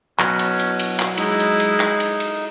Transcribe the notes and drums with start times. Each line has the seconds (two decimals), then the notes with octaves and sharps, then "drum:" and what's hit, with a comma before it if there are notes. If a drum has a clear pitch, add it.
0.19 B2 F#3 C#4, drum: clap
0.39 drum: cymbal
0.59 drum: cymbal
0.79 drum: cymbal
1.00 drum: clap
1.17 G#3 D#4 E4, drum: cymbal
1.40 drum: cymbal
1.60 drum: cymbal
1.80 drum: clap
2.00 drum: cymbal
2.20 drum: cymbal